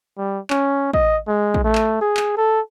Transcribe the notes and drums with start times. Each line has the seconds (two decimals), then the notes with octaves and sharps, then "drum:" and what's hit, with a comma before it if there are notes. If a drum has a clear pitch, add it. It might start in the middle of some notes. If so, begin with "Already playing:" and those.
0.18 G3
0.50 C#4, drum: clap
0.93 D#5, drum: kick
1.28 G#3
1.54 drum: kick
1.65 A3
1.75 drum: clap
2.01 G#4
2.17 drum: clap
2.37 A4